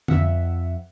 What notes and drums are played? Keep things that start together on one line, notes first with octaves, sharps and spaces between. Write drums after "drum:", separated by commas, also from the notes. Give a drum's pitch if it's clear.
F2 E5 F#5, drum: tom